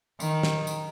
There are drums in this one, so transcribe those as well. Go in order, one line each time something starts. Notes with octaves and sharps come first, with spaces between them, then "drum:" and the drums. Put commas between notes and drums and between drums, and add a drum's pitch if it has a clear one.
D#3, drum: tambourine
drum: snare
drum: tambourine